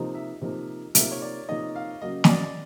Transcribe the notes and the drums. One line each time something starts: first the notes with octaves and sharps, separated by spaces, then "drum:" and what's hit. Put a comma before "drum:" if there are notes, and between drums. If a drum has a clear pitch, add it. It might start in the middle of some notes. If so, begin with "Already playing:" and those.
Already playing: C3 F3 A#3 D#4
E5
C3 F3 A#3 D#4
C3 F3 A#3 D#4 E5, drum: hi-hat
C#5
D5
C3 F3 A#3 D#4 D#5
F5
C#3 F#3 A#3 D#5
D#5, drum: snare
D5